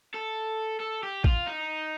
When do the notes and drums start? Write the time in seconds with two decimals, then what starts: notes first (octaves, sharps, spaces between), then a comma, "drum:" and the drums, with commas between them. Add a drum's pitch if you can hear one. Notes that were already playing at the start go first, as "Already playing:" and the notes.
0.14 A4
0.80 A4
1.03 G4
1.24 F4, drum: kick
1.46 D#4